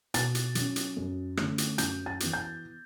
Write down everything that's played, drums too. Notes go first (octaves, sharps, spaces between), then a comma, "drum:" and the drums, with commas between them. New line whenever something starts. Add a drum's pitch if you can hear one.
B2 A6, drum: hi-hat
drum: hi-hat
F#3 C#4, drum: hi-hat
drum: hi-hat
F#2
D3 A3 C#4, drum: rim click
drum: hi-hat
F#2 G6, drum: hi-hat
A6
E3 B3, drum: hi-hat
G6